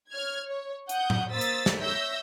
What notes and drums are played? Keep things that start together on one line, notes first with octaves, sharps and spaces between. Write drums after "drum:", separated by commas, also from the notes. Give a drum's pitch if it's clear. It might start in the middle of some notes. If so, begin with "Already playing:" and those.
C#5 F6 G#6
C#5
F#5 D#6 G6, drum: hi-hat
drum: tom A2
A#3 C5 D#6 E6 A6 B6
drum: hi-hat
drum: snare
C#5 E5 E6 G6 A#6